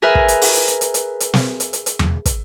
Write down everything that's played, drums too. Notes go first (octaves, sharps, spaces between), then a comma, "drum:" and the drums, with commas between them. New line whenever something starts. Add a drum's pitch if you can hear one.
G#4 A#4 B4 E5 G#5
drum: kick
drum: hi-hat
drum: open hi-hat
drum: hi-hat
drum: hi-hat
drum: hi-hat
drum: hi-hat
drum: hi-hat
drum: snare
drum: hi-hat
drum: hi-hat
drum: hi-hat
drum: tom E2
drum: kick, hi-hat